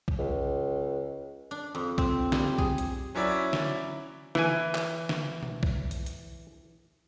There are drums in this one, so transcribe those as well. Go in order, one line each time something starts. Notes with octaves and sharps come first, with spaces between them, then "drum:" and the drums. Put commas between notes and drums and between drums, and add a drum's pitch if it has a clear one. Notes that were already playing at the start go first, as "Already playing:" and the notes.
drum: kick B1
C#2
D4
F2
C4, drum: kick B1
G3, drum: snare
G#4, drum: kick B1
drum: hi-hat
F#3 C#4 E4 D5 E5
drum: snare
E3 G#5, drum: snare
drum: clap
drum: snare
drum: tom B2
drum: kick B1
drum: hi-hat
drum: hi-hat